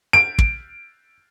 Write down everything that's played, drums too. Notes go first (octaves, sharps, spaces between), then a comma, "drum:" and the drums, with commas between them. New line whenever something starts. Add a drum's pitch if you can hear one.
D7
drum: kick